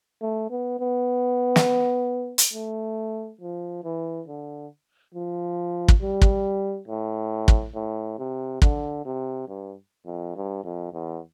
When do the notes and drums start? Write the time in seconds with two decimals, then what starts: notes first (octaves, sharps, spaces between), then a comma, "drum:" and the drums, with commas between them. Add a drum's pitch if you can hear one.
0.22 A3
0.51 B3
0.80 B3
1.56 drum: snare
2.38 drum: hi-hat
2.54 A3
3.41 F3
3.84 E3
4.28 D3
5.14 F3
5.88 drum: kick
6.01 G3
6.22 drum: kick
6.88 A2
7.48 drum: kick
7.75 A2
8.19 C3
8.62 D3, drum: kick
9.05 C3
9.48 G2
10.06 F2
10.36 G2
10.64 F2
10.93 E2